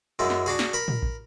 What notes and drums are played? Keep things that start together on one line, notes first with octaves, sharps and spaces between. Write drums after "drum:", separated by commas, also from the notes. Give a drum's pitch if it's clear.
F#2 G#3 E4
drum: snare
D4 F#4 G#4
drum: snare
A#4 B5
drum: tom A2
drum: kick A#1